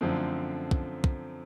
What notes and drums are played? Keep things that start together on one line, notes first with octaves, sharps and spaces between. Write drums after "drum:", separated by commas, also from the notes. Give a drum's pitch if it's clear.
F#2 D3 F3 A3 C4
drum: kick
drum: kick